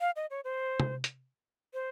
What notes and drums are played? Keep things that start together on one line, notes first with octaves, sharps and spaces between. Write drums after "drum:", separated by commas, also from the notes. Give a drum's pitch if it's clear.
F5
D#5
C#5
C5
drum: tom
drum: hi-hat
C5